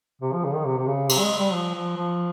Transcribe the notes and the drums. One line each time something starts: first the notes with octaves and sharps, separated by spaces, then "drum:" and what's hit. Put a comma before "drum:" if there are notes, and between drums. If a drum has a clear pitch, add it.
C3
F3
C#3
D#3
C3
C3
C#3
C3, drum: cymbal
G3
G#3
G3
F3
F3
F3